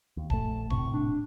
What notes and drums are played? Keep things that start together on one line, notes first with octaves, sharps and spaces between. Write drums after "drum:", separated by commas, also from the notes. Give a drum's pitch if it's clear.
D#2
A#1 A3 A5, drum: kick D1
D#1 A2 C3 C#6, drum: kick D1
D4